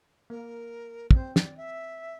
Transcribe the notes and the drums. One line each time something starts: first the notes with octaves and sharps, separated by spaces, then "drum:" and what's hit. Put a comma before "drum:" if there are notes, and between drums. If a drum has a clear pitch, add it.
A#3 A#4
D5, drum: kick
C4 C5
D5, drum: snare
E5